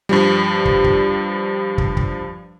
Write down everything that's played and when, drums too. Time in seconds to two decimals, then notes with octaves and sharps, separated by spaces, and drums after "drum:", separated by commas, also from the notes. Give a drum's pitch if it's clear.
0.09 G2 F3 G3
0.65 drum: kick
0.84 drum: kick
1.78 drum: kick
1.97 drum: kick